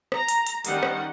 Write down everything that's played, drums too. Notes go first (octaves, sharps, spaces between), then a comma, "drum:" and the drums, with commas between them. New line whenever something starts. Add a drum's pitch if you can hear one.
A#5, drum: rim click
drum: hi-hat
drum: hi-hat
D#3 G3 C#4 D#5 F#5, drum: hi-hat
drum: rim click